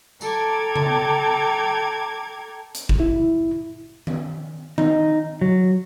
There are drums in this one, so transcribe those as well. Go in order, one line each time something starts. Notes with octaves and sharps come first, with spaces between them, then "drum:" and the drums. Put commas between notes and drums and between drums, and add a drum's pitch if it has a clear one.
A4 G5 A#5 D6 G#6, drum: tambourine
drum: tom C#3
drum: hi-hat
drum: kick
E4
drum: tom D#3
D#4, drum: tom D#3
F#3